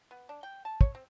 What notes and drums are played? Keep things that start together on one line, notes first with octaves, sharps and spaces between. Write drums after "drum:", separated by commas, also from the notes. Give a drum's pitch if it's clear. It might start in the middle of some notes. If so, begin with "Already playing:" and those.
B3
D4
G5
A5
C#5, drum: kick
C4